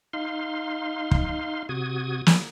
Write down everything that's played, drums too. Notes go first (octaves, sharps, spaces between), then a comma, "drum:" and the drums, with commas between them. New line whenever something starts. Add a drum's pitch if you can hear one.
D#4 F5 C6
drum: kick
C3 F#4 D#6 G#6
drum: snare